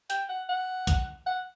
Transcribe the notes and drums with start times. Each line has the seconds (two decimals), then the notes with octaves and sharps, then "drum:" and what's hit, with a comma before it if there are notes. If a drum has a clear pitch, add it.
0.10 G5, drum: hi-hat
0.29 F#5
0.49 F#5
0.87 drum: kick A#1, hi-hat
1.26 F#5